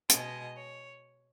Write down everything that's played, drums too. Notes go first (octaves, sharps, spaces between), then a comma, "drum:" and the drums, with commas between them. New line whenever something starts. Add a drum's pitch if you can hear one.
B2 G#3 D#5, drum: hi-hat
C#5